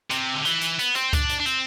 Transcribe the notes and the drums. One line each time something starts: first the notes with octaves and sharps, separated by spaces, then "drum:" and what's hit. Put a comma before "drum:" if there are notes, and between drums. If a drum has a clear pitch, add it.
C3, drum: hi-hat
D3
E3, drum: hi-hat
drum: hi-hat
B3, drum: hi-hat
C4, drum: hi-hat
D4, drum: kick C#2, hi-hat
drum: hi-hat
D4
C4, drum: hi-hat